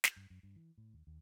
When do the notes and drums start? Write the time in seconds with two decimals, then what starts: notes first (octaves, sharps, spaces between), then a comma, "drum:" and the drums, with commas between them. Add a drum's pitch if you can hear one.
0.04 drum: snare
0.16 G2
0.30 F#2
0.43 G2
0.56 E3
0.78 A2
0.93 D#2
1.07 D#2